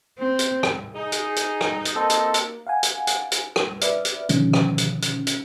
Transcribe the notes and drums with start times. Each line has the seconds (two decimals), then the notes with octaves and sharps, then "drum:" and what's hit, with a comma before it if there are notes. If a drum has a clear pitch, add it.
0.19 C4
0.39 drum: hi-hat
0.63 drum: rim click
0.95 D#4 G#4
1.12 drum: hi-hat
1.36 drum: hi-hat
1.61 drum: rim click
1.85 drum: hi-hat
1.95 A#3 C4 A4 D#5
2.10 drum: hi-hat
2.34 drum: hi-hat
2.67 F5 F#5 G#5
2.83 drum: hi-hat
3.07 drum: hi-hat
3.32 drum: hi-hat
3.56 drum: rim click
3.81 B4 D5 E5 F6, drum: hi-hat
4.05 drum: hi-hat
4.29 B2 D3 D#3 F3 G#3 C#4, drum: hi-hat
4.53 drum: rim click
4.78 drum: hi-hat
5.02 drum: hi-hat
5.27 drum: hi-hat